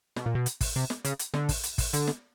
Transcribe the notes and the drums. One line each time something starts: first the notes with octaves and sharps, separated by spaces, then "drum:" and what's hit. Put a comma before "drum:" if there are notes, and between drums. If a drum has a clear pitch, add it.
B2, drum: snare
A#2
B2
drum: hi-hat
drum: kick, open hi-hat
C3
drum: snare
C#3, drum: hi-hat
drum: hi-hat
D3, drum: snare
drum: kick, open hi-hat
drum: hi-hat
drum: kick, open hi-hat
D3, drum: hi-hat
drum: snare